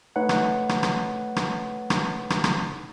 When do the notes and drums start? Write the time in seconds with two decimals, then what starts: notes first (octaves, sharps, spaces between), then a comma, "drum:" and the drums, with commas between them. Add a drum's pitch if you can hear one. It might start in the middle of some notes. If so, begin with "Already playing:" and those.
0.16 A3 D#4 B4 C#5 F#5
0.29 drum: rim click
0.69 drum: rim click
0.83 drum: rim click
1.36 drum: rim click
1.90 drum: rim click
2.30 drum: rim click
2.44 drum: rim click